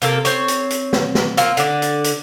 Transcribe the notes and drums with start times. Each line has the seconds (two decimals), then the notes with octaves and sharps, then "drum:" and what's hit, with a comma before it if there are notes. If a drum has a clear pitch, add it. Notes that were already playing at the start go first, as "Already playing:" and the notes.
0.02 C3 A#3 A4, drum: hi-hat
0.25 C4 C#5, drum: hi-hat
0.48 drum: hi-hat
0.70 drum: hi-hat
0.93 drum: snare
1.15 drum: snare
1.37 A#3 C4 F4, drum: hi-hat
1.57 D3 D5, drum: hi-hat
1.82 drum: hi-hat
2.04 drum: hi-hat